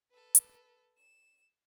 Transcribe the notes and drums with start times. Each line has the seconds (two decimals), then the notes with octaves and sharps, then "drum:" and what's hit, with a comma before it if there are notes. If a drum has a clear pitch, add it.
0.11 A4 B4
0.35 drum: hi-hat
0.98 E7